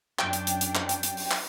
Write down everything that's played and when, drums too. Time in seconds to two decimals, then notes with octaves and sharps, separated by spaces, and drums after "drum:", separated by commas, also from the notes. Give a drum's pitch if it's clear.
0.19 F#2 D4 G5, drum: clap
0.33 drum: hi-hat
0.47 drum: hi-hat
0.61 drum: hi-hat
0.75 drum: clap
0.89 drum: hi-hat
1.03 drum: hi-hat
1.17 drum: open hi-hat
1.31 drum: clap